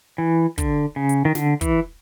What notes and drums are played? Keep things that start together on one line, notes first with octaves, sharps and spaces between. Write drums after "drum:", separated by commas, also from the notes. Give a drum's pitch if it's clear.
E3
D3, drum: kick, hi-hat
C#3
drum: hi-hat
D#3
D3, drum: snare
E3, drum: kick, hi-hat